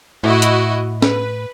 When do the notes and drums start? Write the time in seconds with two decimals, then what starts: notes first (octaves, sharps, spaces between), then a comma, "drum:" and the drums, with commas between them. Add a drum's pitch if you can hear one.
0.24 A2 E4 F#4 D#5
0.42 drum: hi-hat
1.02 B4, drum: snare C#4